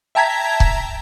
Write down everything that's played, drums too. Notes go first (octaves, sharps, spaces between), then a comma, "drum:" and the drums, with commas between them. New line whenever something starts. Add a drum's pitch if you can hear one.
E5 G5 A5 A#5 G#6 B6
drum: kick C#1